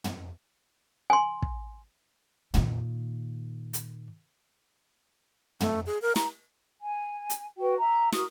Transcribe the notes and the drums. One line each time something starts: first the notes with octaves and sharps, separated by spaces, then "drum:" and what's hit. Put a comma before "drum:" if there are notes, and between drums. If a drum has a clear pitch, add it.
drum: tom
G#5 C6
drum: kick
A#2 D#3, drum: tom
drum: hi-hat
A3, drum: tom
G#4
A#4
A#5, drum: snare
G#5
drum: hi-hat
F#4 B4 G5
E5 A#5
F#4 A#4 D#6, drum: snare